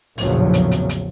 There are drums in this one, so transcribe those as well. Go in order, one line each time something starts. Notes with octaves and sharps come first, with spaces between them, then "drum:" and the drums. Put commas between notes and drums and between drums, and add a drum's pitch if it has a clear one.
A#1 E2 A2 C#3 F3 F#3, drum: open hi-hat
drum: hi-hat
drum: hi-hat
drum: hi-hat